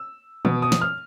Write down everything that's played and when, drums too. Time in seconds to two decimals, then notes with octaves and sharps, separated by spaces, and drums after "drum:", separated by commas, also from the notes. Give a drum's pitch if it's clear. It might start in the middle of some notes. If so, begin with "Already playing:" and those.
Already playing: E6
0.45 B2 D#6, drum: tom D#3
0.62 D#6
0.72 drum: snare
0.81 F6